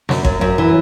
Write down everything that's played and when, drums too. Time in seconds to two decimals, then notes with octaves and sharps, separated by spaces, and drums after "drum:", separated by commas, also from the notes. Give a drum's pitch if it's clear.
0.09 F#2, drum: snare
0.25 F#2, drum: kick G#1
0.41 F#2
0.58 E3